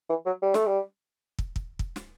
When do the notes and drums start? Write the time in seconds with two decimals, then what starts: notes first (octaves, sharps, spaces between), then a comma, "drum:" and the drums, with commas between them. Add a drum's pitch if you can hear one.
0.09 E3
0.26 F#3
0.42 G3
0.54 A3, drum: snare
0.66 G3
1.39 drum: kick
1.56 drum: kick
1.79 drum: kick
1.96 drum: snare